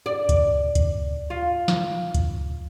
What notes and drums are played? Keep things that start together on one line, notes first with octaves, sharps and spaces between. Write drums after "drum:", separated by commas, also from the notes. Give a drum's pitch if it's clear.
D5
drum: kick, hi-hat
drum: kick, hi-hat
F4
drum: snare
drum: kick, hi-hat